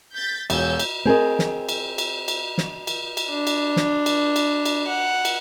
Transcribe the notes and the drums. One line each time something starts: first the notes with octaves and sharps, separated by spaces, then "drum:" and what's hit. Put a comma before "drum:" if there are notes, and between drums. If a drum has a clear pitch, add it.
G6 A6 B6
E1 C#5 F5 G#5 E6 G6, drum: cymbal
drum: cymbal
C4 G#4 A#4 D#5
drum: snare
drum: cymbal
drum: cymbal
drum: cymbal
drum: snare
drum: cymbal
drum: cymbal
D4
drum: cymbal
drum: snare
drum: cymbal
drum: cymbal
drum: cymbal
F#5
drum: cymbal